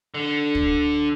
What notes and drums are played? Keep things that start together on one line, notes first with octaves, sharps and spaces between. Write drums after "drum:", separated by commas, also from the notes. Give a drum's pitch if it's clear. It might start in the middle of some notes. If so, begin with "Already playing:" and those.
D3
drum: kick